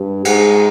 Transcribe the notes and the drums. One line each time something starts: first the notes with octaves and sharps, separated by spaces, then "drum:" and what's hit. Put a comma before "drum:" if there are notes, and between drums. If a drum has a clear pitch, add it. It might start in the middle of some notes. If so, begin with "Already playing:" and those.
Already playing: G2
G#2, drum: cymbal